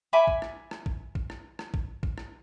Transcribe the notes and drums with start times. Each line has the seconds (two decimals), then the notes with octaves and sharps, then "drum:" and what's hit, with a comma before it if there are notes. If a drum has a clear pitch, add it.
0.13 E5 G#5 B5 D6
0.27 drum: kick
0.42 drum: rim click
0.71 drum: rim click
0.86 drum: kick
1.15 drum: kick
1.30 drum: rim click
1.59 drum: rim click
1.74 drum: kick
2.03 drum: kick
2.18 drum: rim click